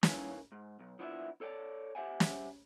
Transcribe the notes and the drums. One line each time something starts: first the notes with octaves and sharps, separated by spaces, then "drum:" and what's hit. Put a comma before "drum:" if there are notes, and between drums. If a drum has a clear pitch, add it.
D#3 E3 A#3 C#4, drum: snare
G#2
B1
F3 B3 D4 E4 C5 E5
A4 C#5 D5 G5 A5
G4 C5 E5 F#5 G#5
drum: snare